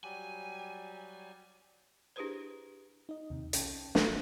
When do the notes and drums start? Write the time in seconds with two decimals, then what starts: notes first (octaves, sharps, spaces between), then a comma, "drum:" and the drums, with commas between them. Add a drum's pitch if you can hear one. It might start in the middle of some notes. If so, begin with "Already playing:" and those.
0.04 F#3 G3 G4 G#5
2.16 D4 E4 G4 G#4 B4 C5
3.09 D#4 D#5
3.30 D#2 C3
3.53 B1 C#4 G5 A5, drum: hi-hat
3.95 G#1 A3 F#6, drum: snare